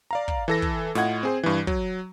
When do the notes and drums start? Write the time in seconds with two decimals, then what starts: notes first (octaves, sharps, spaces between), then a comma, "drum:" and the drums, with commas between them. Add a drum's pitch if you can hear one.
0.11 D5 F5 A#5
0.28 drum: kick
0.48 E3 A4 A#6
0.62 drum: kick
0.95 A2 F4 D#5 F#5 G#6, drum: snare
1.23 C4 G#4 C5
1.43 G2 E3
1.67 F#3, drum: kick